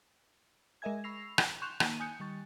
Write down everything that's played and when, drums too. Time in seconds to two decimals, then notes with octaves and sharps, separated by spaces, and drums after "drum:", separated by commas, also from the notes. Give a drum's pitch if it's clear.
0.82 G#3 A#4 D#5 E5 G#5 G#6
1.04 B5 C#6 E6 A#6 C7 F7
1.38 drum: rim click
1.62 C6 C#6 F#6 G6 E7 F7
1.80 D#3 A#3 D#4 A5 D#7, drum: rim click
2.00 G#5 D#6 F#6 G6 C#7
2.20 D#3 G3 C#6 A6